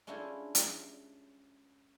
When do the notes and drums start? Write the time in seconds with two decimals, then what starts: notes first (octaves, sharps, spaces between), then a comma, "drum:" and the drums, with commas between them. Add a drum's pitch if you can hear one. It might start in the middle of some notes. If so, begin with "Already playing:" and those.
0.07 G#3 C#4 D4 E4 F4 G4
0.55 drum: hi-hat